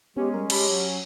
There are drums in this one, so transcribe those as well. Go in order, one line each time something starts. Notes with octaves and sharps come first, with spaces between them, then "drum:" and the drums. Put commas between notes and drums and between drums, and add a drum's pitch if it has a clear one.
G#3 B3 C#4 G4
G3 A#4
G4 A5 B5, drum: cymbal
F#3